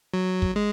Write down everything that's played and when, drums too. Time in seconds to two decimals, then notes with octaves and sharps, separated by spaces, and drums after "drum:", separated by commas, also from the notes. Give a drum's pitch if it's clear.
0.14 F#3
0.42 drum: kick
0.56 G#3